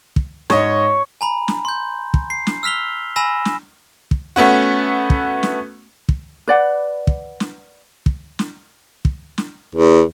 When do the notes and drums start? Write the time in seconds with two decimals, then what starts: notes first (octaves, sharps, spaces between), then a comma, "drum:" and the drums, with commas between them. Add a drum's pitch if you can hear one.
0.16 drum: kick
0.50 G#2 C#5 D#5, drum: snare
1.21 G#5 A#5 B5
1.48 drum: snare
1.65 C6 G6
2.14 drum: kick
2.30 C7
2.47 drum: snare
2.63 E6 F6 B6 F7 G7
3.16 G#5 B5 E6 A#6 E7
3.45 drum: snare
4.11 drum: kick
4.36 A3 B3 C#4 F#4
5.10 drum: kick
5.43 drum: snare
6.09 drum: kick
6.48 B4 D5 F#5
7.07 drum: kick
7.40 drum: snare
8.06 drum: kick
8.39 drum: snare
9.05 drum: kick
9.38 drum: snare
9.75 E2